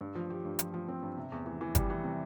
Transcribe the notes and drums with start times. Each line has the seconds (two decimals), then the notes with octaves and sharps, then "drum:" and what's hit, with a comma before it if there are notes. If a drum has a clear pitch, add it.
0.01 G2
0.15 F3
0.30 G4
0.45 G2
0.59 F3, drum: hi-hat
0.74 F3
0.88 C4
1.03 G2
1.17 C3
1.32 E2
1.46 E3
1.61 E3
1.75 G3, drum: kick G1, hi-hat
1.90 E3
2.04 C3